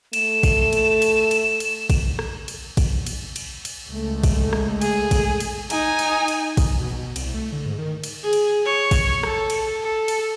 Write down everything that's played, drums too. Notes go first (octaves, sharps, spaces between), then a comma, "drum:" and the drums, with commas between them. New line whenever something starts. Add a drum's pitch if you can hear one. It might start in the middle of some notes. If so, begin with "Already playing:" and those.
A3 E7, drum: cymbal
drum: kick, cymbal
drum: cymbal
drum: cymbal
drum: cymbal
drum: cymbal
drum: kick, cymbal
drum: rim click
drum: cymbal
drum: kick, cymbal
drum: cymbal
drum: cymbal
drum: cymbal
C#2 G#3 A3
drum: kick, cymbal
drum: rim click
G#4, drum: cymbal
drum: kick, cymbal
drum: cymbal
D#4 G#5, drum: cymbal
drum: cymbal
drum: cymbal
drum: kick, cymbal
B2
B2
C2, drum: cymbal
A3
D3
G#2
D#3
drum: cymbal
G#4
drum: cymbal
C#5
drum: kick, cymbal
A4, drum: rim click
drum: cymbal
A4
drum: cymbal